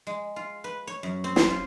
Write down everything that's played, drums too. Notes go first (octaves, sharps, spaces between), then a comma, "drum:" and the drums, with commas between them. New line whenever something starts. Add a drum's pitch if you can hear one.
G#3
F4
B4
C#5
F#2
C4
C5, drum: snare
F4